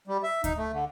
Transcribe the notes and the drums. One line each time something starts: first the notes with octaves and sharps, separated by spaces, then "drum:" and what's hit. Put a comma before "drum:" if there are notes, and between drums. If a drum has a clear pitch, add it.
G3
E5
D#4, drum: kick D2, hi-hat
A3
D3